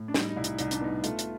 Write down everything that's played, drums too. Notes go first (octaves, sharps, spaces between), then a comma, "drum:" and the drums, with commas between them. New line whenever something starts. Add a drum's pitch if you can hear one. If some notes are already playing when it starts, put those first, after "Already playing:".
Already playing: A2
D4
G3 D#4, drum: snare
D#4
C2 E4
D#4, drum: hi-hat
C2 D#4, drum: hi-hat
D4, drum: hi-hat
B3 D#4
A3 F4, drum: hi-hat
drum: hi-hat